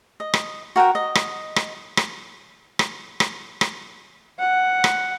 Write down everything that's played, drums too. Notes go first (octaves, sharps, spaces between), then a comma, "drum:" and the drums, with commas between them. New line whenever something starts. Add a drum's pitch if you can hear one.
D#5
drum: rim click
F#4 A#4 F#5 G5
D#5
drum: rim click
drum: rim click
drum: rim click
drum: rim click
drum: rim click
drum: rim click
F#5
drum: rim click